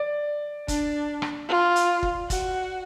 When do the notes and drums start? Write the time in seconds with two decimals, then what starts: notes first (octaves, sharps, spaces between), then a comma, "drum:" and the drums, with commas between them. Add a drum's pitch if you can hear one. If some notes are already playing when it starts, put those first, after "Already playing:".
Already playing: D5
0.68 D4, drum: kick, hi-hat
1.22 drum: rim click
1.49 F4
1.76 drum: hi-hat
2.03 drum: kick
2.30 F#4, drum: kick, hi-hat